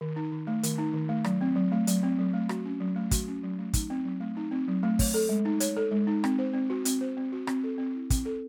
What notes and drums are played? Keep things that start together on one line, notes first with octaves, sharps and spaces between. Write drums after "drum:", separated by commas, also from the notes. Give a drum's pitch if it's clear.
D#3
D#4
D#3
A3
D#3, drum: hi-hat
D#4
D#3
A3
F#3, drum: rim click
C4
F#3
A3
F#3, drum: hi-hat
C4
F#3
A3
F#4, drum: rim click
C#4
F#3
A3
F#4, drum: kick, hi-hat
C#4
F#3
A3
D#4, drum: kick, hi-hat
C4
F#3
A3
D#4
C4
F#3
A3
C#5, drum: kick, open hi-hat
A4
G#3
D#4
C#5, drum: hi-hat
A4
G#3
D#4
C4, drum: rim click
C5
C4
F#4
C4, drum: hi-hat
C5
C4
F#4
C4, drum: rim click
A4
C4
E4
C4, drum: kick, hi-hat
A4